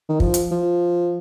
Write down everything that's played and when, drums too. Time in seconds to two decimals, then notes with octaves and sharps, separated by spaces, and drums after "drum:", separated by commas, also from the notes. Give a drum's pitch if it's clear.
0.09 D#3
0.20 F3, drum: kick
0.34 drum: hi-hat
0.51 F3